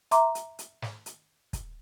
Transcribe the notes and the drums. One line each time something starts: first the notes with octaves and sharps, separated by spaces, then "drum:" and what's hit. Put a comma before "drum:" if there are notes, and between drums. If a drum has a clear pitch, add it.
E5 A#5 C6 D6, drum: hi-hat
drum: hi-hat
drum: hi-hat
drum: snare
drum: hi-hat
drum: kick, hi-hat